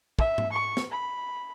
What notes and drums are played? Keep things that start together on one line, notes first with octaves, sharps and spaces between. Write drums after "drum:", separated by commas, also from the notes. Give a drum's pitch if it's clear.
E5, drum: kick
drum: tom G#2
C#6
drum: snare
B5